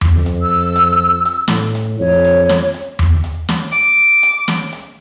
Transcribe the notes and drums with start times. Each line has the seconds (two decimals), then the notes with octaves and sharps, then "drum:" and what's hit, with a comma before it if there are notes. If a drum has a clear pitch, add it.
0.01 drum: tom E2
0.12 F2
0.26 drum: hi-hat
0.42 E6
0.76 drum: hi-hat
1.25 drum: hi-hat
1.48 A2, drum: snare
1.75 drum: hi-hat
2.00 F2 C#5
2.25 drum: hi-hat
2.49 drum: snare
2.74 drum: hi-hat
2.99 drum: tom E2
3.24 drum: hi-hat
3.49 drum: snare
3.72 D6, drum: hi-hat
4.23 drum: hi-hat
4.48 drum: snare
4.73 drum: hi-hat